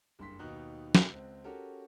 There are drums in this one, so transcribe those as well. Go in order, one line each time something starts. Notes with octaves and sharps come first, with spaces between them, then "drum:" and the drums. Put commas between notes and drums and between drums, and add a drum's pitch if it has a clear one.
F#1 G2 C6 B6
D#2 B2 D#4 F#6
drum: snare
C#2 C4
C#4 F#4 G4 A4 A#4